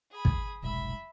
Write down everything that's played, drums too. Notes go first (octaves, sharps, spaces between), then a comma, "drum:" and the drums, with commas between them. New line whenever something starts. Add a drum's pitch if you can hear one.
G#4 B5
drum: kick
F1 B1 G#2 E5 B5